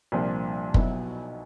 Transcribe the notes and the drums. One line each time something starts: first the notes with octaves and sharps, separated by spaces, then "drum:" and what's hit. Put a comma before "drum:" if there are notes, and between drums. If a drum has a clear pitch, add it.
C2 A#2 F3 A#3 D4
B1 B2 F#3 B3 E4, drum: kick